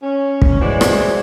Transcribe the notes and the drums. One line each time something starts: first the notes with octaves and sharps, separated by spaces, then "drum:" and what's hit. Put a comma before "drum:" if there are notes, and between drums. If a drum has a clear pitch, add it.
C#4
drum: kick
E3 G#3 F#4 C5 D5
drum: rim click